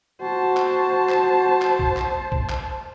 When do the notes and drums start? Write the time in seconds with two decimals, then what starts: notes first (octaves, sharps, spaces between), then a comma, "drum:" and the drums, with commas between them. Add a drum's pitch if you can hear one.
0.22 F#4 C5 A5
0.57 drum: clap
1.09 drum: clap
1.62 drum: clap
1.79 drum: kick A#1
1.97 drum: clap
2.32 drum: kick A#1
2.49 drum: clap